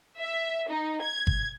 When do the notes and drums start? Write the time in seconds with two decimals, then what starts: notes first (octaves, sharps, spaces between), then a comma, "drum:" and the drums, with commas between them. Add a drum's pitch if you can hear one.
0.19 E5
0.70 D#4
1.03 G#6
1.27 drum: kick G1